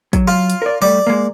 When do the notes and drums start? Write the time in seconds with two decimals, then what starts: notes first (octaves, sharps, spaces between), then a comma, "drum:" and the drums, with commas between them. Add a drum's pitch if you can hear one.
0.13 F#3, drum: kick, hi-hat
0.28 F4
0.50 drum: hi-hat
0.62 A#4 D5
0.82 G3 A3 D5
1.07 G#3 A#3